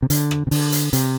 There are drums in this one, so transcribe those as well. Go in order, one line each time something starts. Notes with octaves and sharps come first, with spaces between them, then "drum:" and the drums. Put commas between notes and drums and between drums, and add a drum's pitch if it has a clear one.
C3
D3, drum: hi-hat
drum: rim click
C3
D3, drum: open hi-hat
drum: hi-hat
C3, drum: hi-hat